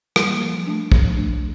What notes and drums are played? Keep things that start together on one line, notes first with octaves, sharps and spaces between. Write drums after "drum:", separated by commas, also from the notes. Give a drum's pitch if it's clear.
E3 G3 A#3, drum: rim click
F3
A3 D4
F3, drum: kick
A3 D4